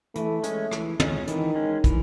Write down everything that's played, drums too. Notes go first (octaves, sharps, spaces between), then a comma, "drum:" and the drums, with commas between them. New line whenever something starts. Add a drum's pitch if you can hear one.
E3 A3, drum: hi-hat
G#3 C#4, drum: hi-hat
E3, drum: rim click
G#3 C#4, drum: tom
D#3 E3, drum: hi-hat
G#3 C#4
E3, drum: kick, hi-hat